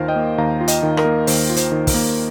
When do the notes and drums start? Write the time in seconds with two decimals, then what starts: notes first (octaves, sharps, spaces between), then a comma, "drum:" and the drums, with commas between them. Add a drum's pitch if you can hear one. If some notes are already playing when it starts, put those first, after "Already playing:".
Already playing: D#2 D#3 F4 A#4 C5 F5
0.08 D#5 G5
0.16 A#3
0.38 D#2 F5 A#5
0.61 F4
0.68 D#5 G5, drum: hi-hat
0.83 D#3
0.97 A#4 D#5, drum: rim click
1.05 A#3
1.27 D#2 C5, drum: open hi-hat
1.50 F4
1.56 C5, drum: hi-hat
1.72 D#3
1.87 A#4, drum: kick, open hi-hat
1.94 A#3